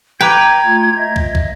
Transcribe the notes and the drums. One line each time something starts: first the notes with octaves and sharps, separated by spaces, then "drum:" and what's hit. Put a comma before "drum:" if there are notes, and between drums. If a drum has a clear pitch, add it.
B4 G5 A#5 D6 G#6
A3 F4
D#5 E5
drum: kick
drum: kick